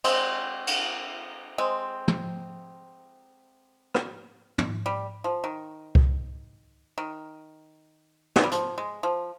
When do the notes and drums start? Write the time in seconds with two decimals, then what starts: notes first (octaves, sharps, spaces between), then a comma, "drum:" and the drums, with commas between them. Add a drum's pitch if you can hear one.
0.04 G#3 C4, drum: cymbal
0.67 drum: cymbal
1.58 G#3 C4
2.08 drum: tom
3.94 drum: rim click
4.58 drum: tom
4.86 G3
5.24 F3
5.44 D#3
5.95 drum: kick C2
6.98 D#3
8.36 G#3, drum: snare
8.44 G3
8.52 F3, drum: hi-hat
8.78 G#3
9.03 F3